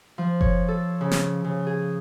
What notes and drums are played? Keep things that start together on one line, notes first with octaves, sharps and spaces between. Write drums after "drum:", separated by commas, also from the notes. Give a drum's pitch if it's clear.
F3
C#5, drum: kick F#1
A4
C#3
drum: snare
C#3
G#4